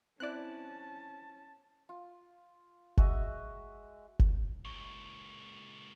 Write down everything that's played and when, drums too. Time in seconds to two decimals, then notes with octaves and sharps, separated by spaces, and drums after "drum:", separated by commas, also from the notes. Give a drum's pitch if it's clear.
0.20 C4 C#4 E4 D5 A5 F#6
1.89 F4
2.97 G#3 F#4 D#5 E5, drum: kick F#1
4.19 drum: kick F#1
4.65 C#2 A#2 C#6